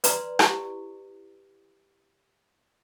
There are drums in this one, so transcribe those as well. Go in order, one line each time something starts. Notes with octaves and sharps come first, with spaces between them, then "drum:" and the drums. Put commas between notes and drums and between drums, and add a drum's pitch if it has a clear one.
B4 D5 A#5 C6, drum: hi-hat
E4 G4, drum: rim click